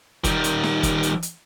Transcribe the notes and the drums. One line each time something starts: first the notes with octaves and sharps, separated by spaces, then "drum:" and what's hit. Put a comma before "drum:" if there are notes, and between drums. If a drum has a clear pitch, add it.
D#3 G3, drum: kick, hi-hat
drum: hi-hat
drum: snare
drum: kick, hi-hat
drum: hi-hat
drum: hi-hat